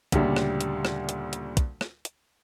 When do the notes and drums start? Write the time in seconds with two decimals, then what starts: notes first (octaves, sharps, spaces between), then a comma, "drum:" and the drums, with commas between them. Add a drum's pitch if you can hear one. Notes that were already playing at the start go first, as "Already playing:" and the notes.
0.12 D2 A#2 C#3 G3 D4, drum: kick, hi-hat
0.36 drum: rim click
0.61 drum: hi-hat
0.85 drum: rim click
1.09 drum: hi-hat
1.33 drum: hi-hat
1.57 drum: kick, hi-hat
1.81 drum: rim click
2.05 drum: hi-hat